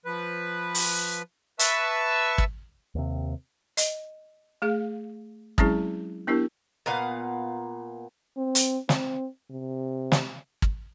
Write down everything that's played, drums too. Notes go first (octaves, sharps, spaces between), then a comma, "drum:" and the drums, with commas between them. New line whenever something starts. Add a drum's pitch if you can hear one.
F3 B4
drum: open hi-hat
B4 E5 A5 C#6 E6, drum: hi-hat
drum: kick
D#2 C3
D#5, drum: hi-hat
A3 G#4 F5
F#3 G#3 C4 C#4 E4 G#4, drum: kick
B3 D4 E4 G4 A#4
A#2 B3 F5 F#5
C4
drum: hi-hat
C4, drum: snare
C3
drum: snare
drum: kick